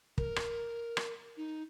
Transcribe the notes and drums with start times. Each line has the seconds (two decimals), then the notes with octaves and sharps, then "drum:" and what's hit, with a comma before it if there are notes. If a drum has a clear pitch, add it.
0.18 A#4, drum: kick
0.36 drum: rim click
0.97 drum: rim click
1.37 D#4